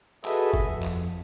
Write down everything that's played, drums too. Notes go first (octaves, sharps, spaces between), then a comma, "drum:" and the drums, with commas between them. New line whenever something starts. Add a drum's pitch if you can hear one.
F#4 G#4 A4 B4 D#5 E5, drum: clap
drum: kick
F2
drum: clap